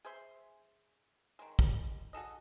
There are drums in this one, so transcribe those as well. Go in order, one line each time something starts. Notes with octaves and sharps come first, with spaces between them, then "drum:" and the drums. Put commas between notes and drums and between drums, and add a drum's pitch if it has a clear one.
G#4 C5 E5 C6
D#3 G#3
drum: kick
F#4 G#4 A4 D#5